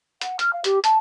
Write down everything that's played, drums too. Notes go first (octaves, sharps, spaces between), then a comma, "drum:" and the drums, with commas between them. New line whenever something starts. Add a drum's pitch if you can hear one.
F#5, drum: hi-hat
F6, drum: hi-hat
F5
G4, drum: hi-hat
A5, drum: hi-hat